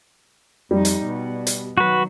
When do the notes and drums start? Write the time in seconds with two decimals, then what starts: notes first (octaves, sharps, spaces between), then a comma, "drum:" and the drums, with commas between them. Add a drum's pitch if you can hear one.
0.71 F2 G3 D#4
0.85 drum: hi-hat
1.06 B2
1.47 drum: hi-hat
1.78 D#3 F#3 F#4 B4